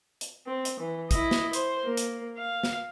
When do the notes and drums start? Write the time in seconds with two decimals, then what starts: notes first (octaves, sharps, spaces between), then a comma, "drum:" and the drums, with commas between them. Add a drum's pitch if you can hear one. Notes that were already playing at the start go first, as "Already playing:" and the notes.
0.21 drum: hi-hat
0.47 C4
0.65 drum: hi-hat
0.80 E3
1.11 E4 D#5, drum: kick, hi-hat
1.31 drum: snare
1.53 C5, drum: hi-hat
1.84 A#3
1.97 drum: hi-hat
2.38 F5
2.63 drum: snare